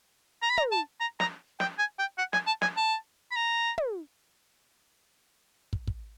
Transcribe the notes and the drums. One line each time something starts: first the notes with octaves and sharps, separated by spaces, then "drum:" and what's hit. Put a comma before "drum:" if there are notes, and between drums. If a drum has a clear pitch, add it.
A#5
B5
A#5, drum: tom
A5
A#5
A#5, drum: snare
G5, drum: snare
G#5
G5
F#5
G#5, drum: snare
A5
G#5, drum: snare
A5
B5
A#5
drum: tom
drum: kick
drum: kick